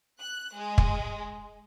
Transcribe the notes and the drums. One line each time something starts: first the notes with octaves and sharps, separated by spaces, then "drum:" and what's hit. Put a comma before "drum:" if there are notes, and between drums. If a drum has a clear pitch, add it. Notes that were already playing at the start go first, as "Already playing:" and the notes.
F#6
G#3
drum: kick